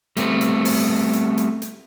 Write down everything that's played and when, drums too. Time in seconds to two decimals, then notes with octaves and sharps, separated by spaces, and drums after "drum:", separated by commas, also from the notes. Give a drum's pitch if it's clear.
0.17 G3 A3 B3 C4, drum: hi-hat
0.41 drum: hi-hat
0.65 drum: open hi-hat
1.13 drum: hi-hat
1.37 drum: hi-hat
1.62 drum: hi-hat